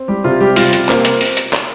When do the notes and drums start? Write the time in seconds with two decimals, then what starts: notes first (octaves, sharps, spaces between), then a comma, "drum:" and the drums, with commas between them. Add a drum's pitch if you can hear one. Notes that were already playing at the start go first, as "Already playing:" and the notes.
Already playing: C4
0.08 G3 G4
0.24 C3 F4
0.41 G3 G4
0.56 G3 F4, drum: open hi-hat
0.73 C3, drum: hi-hat
0.89 A#3 C4, drum: clap
1.05 drum: hi-hat
1.21 drum: open hi-hat
1.37 drum: hi-hat
1.53 drum: clap